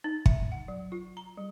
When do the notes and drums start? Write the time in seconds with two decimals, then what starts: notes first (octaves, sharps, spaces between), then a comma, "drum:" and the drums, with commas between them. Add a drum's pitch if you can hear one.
0.04 D#4
0.26 E5, drum: kick
0.52 F#5
0.68 F#3
0.92 F4
1.17 A#5
1.37 G3